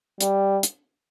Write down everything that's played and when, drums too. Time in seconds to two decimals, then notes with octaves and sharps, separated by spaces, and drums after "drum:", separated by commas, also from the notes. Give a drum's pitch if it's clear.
0.21 G3, drum: hi-hat
0.63 drum: hi-hat